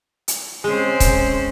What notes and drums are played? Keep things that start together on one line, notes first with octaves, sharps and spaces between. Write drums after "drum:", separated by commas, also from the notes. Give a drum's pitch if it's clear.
drum: hi-hat
G#3 C4 C#4 C5
drum: kick C#1, hi-hat